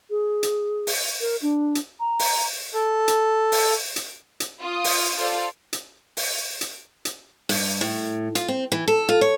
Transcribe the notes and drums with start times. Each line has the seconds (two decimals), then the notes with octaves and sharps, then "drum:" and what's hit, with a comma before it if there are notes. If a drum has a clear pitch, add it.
0.10 G#4
0.43 drum: hi-hat
0.87 drum: open hi-hat
1.20 A#4
1.42 D4
1.75 drum: hi-hat
2.00 A#5
2.19 drum: open hi-hat
2.74 A4
3.08 drum: hi-hat
3.52 drum: open hi-hat
3.96 drum: hi-hat
4.40 drum: hi-hat
4.60 F4 D#6
4.84 drum: open hi-hat
5.17 F4 A4 C5 D5 F5
5.73 drum: hi-hat
6.17 drum: open hi-hat
6.61 drum: hi-hat
7.05 drum: hi-hat
7.49 G2, drum: open hi-hat
7.81 A2
8.35 F4, drum: hi-hat
8.48 C4
8.72 E3
8.88 A4
9.09 F4
9.21 C#5